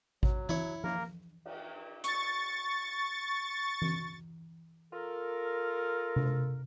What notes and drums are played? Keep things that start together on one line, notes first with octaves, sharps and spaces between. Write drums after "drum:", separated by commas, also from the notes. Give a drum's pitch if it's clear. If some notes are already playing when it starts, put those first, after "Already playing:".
F#3, drum: kick A1
E4 C#5, drum: tom E3
A#3 A#4, drum: tom F3
drum: cymbal
C#6 A6, drum: hi-hat
drum: tom E3
F4 A4 A#4
drum: tom C3